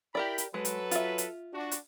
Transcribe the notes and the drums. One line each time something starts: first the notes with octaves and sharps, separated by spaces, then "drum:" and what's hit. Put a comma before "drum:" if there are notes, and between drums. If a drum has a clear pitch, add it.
E4 G4 A#4 D5 G5 B5
drum: hi-hat
F#3 G#3 A4 B4
drum: hi-hat
F4 E5, drum: hi-hat
drum: hi-hat
D4 F#4
drum: hi-hat